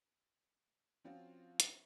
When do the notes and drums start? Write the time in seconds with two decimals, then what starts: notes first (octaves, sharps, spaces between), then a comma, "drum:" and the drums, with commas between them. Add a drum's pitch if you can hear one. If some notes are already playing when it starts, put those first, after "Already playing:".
1.04 F3 C4 C#4 F4 F#4
1.60 drum: hi-hat